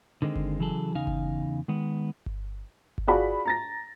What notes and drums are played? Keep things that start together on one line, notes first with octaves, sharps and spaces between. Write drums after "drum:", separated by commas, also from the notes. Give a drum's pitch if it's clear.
D3 D#3 G#3 C4
drum: kick G1
C#3 E3 F#3 G#4 A4
E2 C#3 D#4 F5 G#5
drum: kick G1
D#3 G#3 B3
drum: kick G1
drum: kick G1
F4 F#4 G#4 D5 F5 B5
A#5 A6 A#6